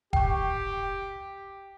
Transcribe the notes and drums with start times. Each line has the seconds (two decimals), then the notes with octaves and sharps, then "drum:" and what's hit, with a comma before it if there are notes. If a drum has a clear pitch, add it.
0.13 G4 G5 C#6, drum: kick E1